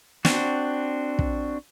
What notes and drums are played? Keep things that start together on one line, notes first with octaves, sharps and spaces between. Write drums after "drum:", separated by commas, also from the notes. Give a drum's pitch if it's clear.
C4 D4 F#4, drum: snare
drum: kick